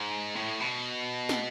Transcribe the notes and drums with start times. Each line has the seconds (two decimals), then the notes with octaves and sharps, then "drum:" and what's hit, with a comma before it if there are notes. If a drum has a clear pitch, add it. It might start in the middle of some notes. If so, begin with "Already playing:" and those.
Already playing: G#2
0.36 A2
0.60 B2
1.29 drum: snare